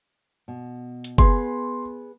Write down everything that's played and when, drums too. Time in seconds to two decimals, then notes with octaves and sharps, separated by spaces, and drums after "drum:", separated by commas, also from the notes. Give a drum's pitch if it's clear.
0.48 B2
1.04 drum: hi-hat
1.18 B3 G#4 B4 C6, drum: kick F#1